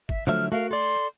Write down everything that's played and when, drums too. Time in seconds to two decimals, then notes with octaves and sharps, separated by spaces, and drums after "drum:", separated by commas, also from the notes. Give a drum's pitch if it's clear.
0.09 E5, drum: kick
0.27 D3 F3 F#3 A3 E5 F6
0.52 A3 F#4 A#4 F5
0.71 A4 D5 C6